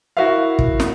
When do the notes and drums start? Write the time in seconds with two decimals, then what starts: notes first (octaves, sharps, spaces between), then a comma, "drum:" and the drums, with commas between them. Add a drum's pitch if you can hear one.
0.17 E4 F#4 A#4 E5 F5
0.59 drum: kick
0.80 drum: snare